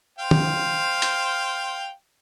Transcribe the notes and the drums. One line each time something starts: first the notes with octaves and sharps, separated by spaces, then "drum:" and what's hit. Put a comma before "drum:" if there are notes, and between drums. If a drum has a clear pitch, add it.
C5 F5 G5
drum: tom D#3
drum: hi-hat